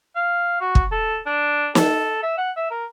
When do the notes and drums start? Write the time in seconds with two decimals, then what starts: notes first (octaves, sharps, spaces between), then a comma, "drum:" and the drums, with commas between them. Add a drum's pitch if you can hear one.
0.15 F5
0.61 F#4
0.75 drum: kick
0.92 A4
1.26 D4
1.75 A4, drum: snare
2.23 E5
2.38 F#5
2.57 E5
2.71 A#4